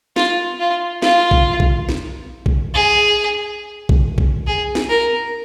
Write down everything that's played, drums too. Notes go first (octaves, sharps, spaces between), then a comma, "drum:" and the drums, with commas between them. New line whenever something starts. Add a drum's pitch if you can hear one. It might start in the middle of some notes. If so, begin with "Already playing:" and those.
F4, drum: snare
F4
F4, drum: snare
drum: kick A#1
drum: kick A#1
drum: snare
drum: kick A#1
G#4
drum: kick A#1
drum: kick A#1
G#4
drum: snare
A#4